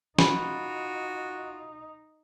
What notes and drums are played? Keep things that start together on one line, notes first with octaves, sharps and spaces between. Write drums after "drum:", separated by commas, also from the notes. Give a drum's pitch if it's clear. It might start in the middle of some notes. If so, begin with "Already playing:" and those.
D#4 F4 F#4 B5, drum: snare